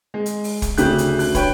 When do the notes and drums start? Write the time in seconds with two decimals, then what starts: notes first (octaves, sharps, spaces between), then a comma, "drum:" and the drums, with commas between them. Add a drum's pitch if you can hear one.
0.14 G#3
0.26 drum: hi-hat
0.44 drum: open hi-hat
0.62 drum: kick, hi-hat
0.78 D2 C#3 G4 F#6, drum: hi-hat
0.98 drum: hi-hat
1.19 F#6, drum: open hi-hat
1.35 B4 C#5 G5, drum: kick, hi-hat